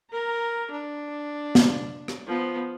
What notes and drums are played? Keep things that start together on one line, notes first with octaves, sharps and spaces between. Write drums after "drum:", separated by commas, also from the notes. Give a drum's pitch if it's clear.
A#4 A#5
D4
drum: snare
drum: rim click
F3 B3